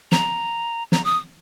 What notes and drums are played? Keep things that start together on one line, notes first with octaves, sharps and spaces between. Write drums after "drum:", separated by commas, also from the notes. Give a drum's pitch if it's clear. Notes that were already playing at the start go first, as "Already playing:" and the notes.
A#5, drum: snare
A#5, drum: snare
D#6